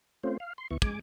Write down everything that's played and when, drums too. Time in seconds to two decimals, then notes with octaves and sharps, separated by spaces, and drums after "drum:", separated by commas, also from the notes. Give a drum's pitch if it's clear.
0.23 A3 C4 C#4 F4 C5
0.40 F5
0.58 C6
0.71 D2 B3 E4 C#6
0.82 G#3 G#5 D6, drum: kick